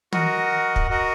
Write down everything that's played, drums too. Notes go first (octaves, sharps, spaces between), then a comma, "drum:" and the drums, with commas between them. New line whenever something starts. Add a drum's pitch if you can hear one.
F#4 A#4 D#5 F#5, drum: tom
drum: kick
F#4 A#4 D#5 F#5